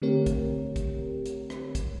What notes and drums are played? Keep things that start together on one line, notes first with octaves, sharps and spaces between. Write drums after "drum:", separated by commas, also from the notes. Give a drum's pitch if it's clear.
D3 A3 C4 G4 A#4 C#5
drum: kick, hi-hat
drum: kick, hi-hat
drum: hi-hat
drum: rim click
drum: kick, hi-hat